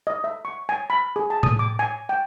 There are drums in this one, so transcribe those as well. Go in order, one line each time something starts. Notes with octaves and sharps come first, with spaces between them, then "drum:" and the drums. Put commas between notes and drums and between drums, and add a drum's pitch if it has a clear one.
D#5
E5
C#6
G#5
B5
G#4
A5
D#6, drum: tom A2
D6
G#5
G5